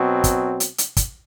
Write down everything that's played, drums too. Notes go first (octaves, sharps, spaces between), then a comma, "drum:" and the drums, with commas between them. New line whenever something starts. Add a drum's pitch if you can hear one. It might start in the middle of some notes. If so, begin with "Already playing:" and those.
Already playing: B2 F#3 C4
drum: kick, hi-hat
drum: hi-hat
drum: hi-hat
drum: kick, hi-hat